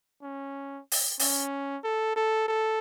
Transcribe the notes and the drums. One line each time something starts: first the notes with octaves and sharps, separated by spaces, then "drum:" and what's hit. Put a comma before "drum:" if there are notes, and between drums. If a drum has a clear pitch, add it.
C#4
drum: open hi-hat
C#4, drum: open hi-hat
A4
A4
A4